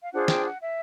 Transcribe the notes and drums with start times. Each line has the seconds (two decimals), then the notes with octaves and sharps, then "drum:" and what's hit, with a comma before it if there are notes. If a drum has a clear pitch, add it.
0.02 F5
0.12 D4 F4 G#4 C5 F#5
0.28 G5, drum: snare
0.44 F#5
0.61 E5